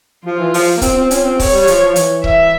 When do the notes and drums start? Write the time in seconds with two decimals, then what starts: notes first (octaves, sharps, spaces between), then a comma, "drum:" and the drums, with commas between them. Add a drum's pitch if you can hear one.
0.25 F3 F4
0.39 E3
0.54 F3, drum: open hi-hat
0.77 A#3
0.82 C4 F4, drum: kick C#1, hi-hat
0.96 C4
1.11 C#4 F4, drum: hi-hat
1.24 C4
1.39 C#5, drum: kick C#1, open hi-hat
1.54 G3
1.67 F3, drum: hi-hat
1.84 F3
1.96 E3, drum: hi-hat
2.24 E5, drum: kick C#1